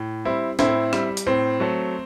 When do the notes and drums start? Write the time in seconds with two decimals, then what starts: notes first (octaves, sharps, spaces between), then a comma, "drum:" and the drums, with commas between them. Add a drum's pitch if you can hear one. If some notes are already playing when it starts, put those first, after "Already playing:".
Already playing: A2
0.25 G3 C4 E4
0.59 A2 C4 E4, drum: snare
0.93 G3, drum: rim click
1.17 drum: hi-hat
1.26 A2 C4
1.60 F#3 A3